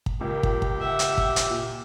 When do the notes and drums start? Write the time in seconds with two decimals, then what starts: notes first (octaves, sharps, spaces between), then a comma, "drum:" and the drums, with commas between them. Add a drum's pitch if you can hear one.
0.06 drum: kick
0.21 C#2 A#3 G4 A#4
0.43 drum: kick
0.62 drum: kick
0.80 E5 F#5
0.99 drum: hi-hat
1.18 drum: kick
1.36 drum: hi-hat
1.50 A#2